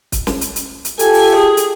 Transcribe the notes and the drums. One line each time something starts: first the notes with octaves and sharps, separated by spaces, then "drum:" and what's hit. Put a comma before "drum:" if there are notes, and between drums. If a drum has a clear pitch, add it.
drum: kick, hi-hat
drum: snare
drum: hi-hat
drum: hi-hat
drum: hi-hat
F4 G4 A4 G#5, drum: hi-hat
drum: open hi-hat
G#4
drum: hi-hat